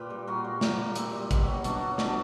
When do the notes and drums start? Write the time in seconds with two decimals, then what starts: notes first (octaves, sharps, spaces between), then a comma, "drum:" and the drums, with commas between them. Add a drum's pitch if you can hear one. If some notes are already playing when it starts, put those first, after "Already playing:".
Already playing: A#2 G4 B4
0.10 G3
0.27 A#2 F#4 A#4
0.44 G3
0.61 A#2, drum: snare
0.78 G3
0.96 A#2 E4 G4, drum: hi-hat
1.13 G3
1.31 B2, drum: kick, hi-hat
1.47 F#3
1.64 B2 D4 F#4, drum: hi-hat
1.81 F#3
1.98 B2 D4 F#4, drum: snare